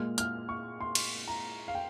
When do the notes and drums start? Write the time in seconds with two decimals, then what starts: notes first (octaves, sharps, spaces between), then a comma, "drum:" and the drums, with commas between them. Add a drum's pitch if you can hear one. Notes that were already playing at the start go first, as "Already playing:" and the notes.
Already playing: A#2 G#3 F6
0.18 F6, drum: hi-hat
0.49 C#6
0.81 C6
0.95 drum: cymbal
1.28 A#5
1.68 F5
1.75 G5